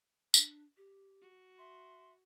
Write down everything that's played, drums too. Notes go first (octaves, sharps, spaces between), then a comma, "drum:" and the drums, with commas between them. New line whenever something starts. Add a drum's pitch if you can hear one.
D4, drum: tambourine
G4
F#4
E5 C6